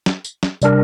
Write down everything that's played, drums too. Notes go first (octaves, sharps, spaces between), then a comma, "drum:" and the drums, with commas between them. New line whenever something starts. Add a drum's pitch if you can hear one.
drum: snare
drum: tambourine
drum: snare
C3 G3 D4 A#4, drum: tambourine